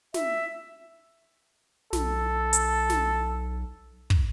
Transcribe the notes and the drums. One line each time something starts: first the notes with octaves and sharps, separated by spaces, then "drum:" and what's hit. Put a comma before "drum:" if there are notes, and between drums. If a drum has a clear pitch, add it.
E5, drum: snare
B1 A4, drum: snare
drum: hi-hat
drum: snare
drum: kick